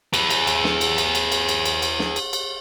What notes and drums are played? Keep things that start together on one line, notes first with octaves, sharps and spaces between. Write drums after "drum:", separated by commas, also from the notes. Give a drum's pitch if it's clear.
G#4 B4, drum: cymbal
drum: cymbal
drum: cymbal
drum: snare
drum: cymbal
drum: cymbal
drum: cymbal
drum: cymbal
drum: cymbal
drum: cymbal
drum: cymbal
drum: snare
drum: cymbal
drum: cymbal